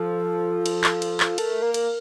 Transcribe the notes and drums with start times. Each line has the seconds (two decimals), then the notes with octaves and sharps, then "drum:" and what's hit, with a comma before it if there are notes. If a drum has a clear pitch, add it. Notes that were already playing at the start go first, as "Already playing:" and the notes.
Already playing: F3 A4
0.66 drum: cymbal
0.84 drum: clap
1.02 drum: cymbal
1.20 drum: clap
1.38 A3 A#4, drum: cymbal
1.62 A#3
1.74 A#4, drum: cymbal